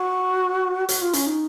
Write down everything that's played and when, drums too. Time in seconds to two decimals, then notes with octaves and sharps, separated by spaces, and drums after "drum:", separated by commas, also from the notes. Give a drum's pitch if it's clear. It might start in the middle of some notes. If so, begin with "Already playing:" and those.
Already playing: F#4
0.89 F#4, drum: hi-hat
1.01 F4
1.13 C#4, drum: hi-hat
1.26 D#4